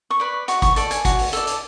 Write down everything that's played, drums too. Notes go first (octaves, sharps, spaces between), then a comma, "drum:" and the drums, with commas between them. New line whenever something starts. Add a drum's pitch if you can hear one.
C#6
B4 D5
F#4 C#6, drum: hi-hat
C#6, drum: kick, hi-hat
A4 D5 A5, drum: hi-hat
G#5, drum: hi-hat
F#4, drum: kick, hi-hat
drum: open hi-hat
A4 D5, drum: hi-hat
drum: hi-hat